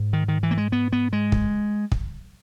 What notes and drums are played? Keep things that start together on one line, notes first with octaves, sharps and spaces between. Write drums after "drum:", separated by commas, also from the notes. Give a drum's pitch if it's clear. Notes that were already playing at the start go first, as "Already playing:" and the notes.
Already playing: G#2
D#3
D#3
E3
A#3
G#3
B3
B3
G#3
drum: kick
drum: kick